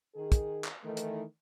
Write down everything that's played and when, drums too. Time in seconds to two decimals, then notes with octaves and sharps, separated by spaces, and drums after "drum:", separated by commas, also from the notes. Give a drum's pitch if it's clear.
0.15 D#3 G#4
0.32 drum: kick, hi-hat
0.64 drum: clap
0.84 D#3 E3 A3
0.97 drum: hi-hat